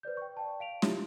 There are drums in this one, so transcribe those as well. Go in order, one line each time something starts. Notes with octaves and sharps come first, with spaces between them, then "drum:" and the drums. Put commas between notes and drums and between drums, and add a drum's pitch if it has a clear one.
B4 C5 D5 G6
G5 C#6
D5 G5 A5
F5 D7 F7
E4 F4 G4 C#5 E5, drum: snare